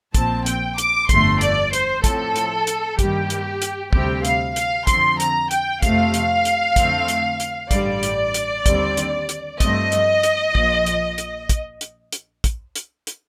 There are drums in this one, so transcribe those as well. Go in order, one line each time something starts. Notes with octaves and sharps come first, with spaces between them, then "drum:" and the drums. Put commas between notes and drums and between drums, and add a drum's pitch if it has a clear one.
A#1 A#2 F3 C4 A5, drum: kick, hi-hat
G5, drum: hi-hat
D6, drum: hi-hat
G1 F2 D3 A3 C6, drum: kick, hi-hat
D5, drum: hi-hat
C5, drum: hi-hat
A2 F3 C4 A4, drum: kick, hi-hat
drum: hi-hat
drum: hi-hat
G2 D#3 G3 A#3 G4, drum: kick, hi-hat
drum: hi-hat
drum: hi-hat
D2 C3 G3 C4 G4, drum: kick
F5, drum: hi-hat
F5, drum: hi-hat
F2 D3 F3 C4 C6, drum: kick, hi-hat
A#5, drum: hi-hat
G5, drum: hi-hat
F2 C3 F3 A3 F5, drum: kick, hi-hat
drum: hi-hat
drum: hi-hat
F2 D3 A3 C4, drum: kick, hi-hat
drum: hi-hat
drum: hi-hat
A1 G2 D3 G3 D5, drum: kick, hi-hat
drum: hi-hat
drum: hi-hat
D#2 D3 G3 C4, drum: kick, hi-hat
drum: hi-hat
drum: hi-hat
G2 F3 A3 C4 D#5, drum: kick, hi-hat
drum: hi-hat
drum: hi-hat
A#1 A#2 F3, drum: kick
drum: hi-hat
drum: hi-hat
drum: kick, hi-hat
drum: hi-hat
drum: hi-hat
drum: kick, hi-hat
drum: hi-hat
drum: hi-hat